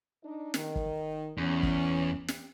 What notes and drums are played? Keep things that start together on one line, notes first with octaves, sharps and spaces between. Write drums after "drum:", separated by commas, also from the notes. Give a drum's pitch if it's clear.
D4 D#4
D#3, drum: snare
drum: kick F#1
E2 C#4
drum: kick F#1
drum: snare